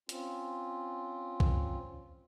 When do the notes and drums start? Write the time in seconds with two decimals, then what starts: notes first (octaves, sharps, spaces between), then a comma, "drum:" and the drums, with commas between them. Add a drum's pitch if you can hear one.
0.09 C4 C#4 F4, drum: hi-hat
1.40 drum: kick B1